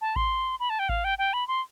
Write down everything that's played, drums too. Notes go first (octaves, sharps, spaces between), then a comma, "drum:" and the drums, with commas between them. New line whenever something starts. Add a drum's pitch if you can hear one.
A5
C6, drum: kick G#1
B5
A5
G5
F5, drum: kick G#1
G5
G5
B5
C6